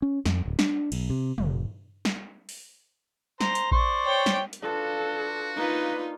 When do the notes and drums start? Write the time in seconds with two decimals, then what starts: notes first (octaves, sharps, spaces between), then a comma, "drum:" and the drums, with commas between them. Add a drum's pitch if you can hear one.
0.02 C#4
0.26 F2, drum: snare
0.45 D1
0.59 D4, drum: snare
0.92 B1, drum: cymbal
1.10 C3
1.38 F1, drum: tom
2.05 drum: snare
2.49 drum: open hi-hat
3.41 C5 A#5, drum: snare
3.55 drum: hi-hat
3.72 C5 D5 C#6, drum: kick A1
4.04 C#5 G5
4.26 drum: snare
4.53 drum: hi-hat
4.62 D4 F4 F#4 A4 B4
5.57 A#3 D#4 F4 B4